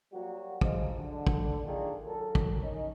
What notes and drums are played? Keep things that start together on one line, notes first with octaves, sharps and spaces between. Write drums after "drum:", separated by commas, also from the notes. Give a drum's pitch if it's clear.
F#3 G3 A#3 F#4
F3 G#3 D#4, drum: kick
D3
drum: kick
A#2 D#3 A#3 D4 G#4 A4
F#3 A4 A#4
drum: kick
C#4 D#4